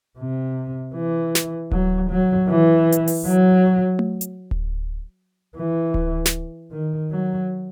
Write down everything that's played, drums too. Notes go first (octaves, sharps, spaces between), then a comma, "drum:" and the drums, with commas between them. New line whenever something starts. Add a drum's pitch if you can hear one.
C3
E3
drum: snare
F#3, drum: kick D1
F#3
E3
drum: hi-hat
drum: open hi-hat
F#3
drum: tom A3
drum: hi-hat
drum: kick D1
E3
drum: kick D1
drum: snare
D#3
F#3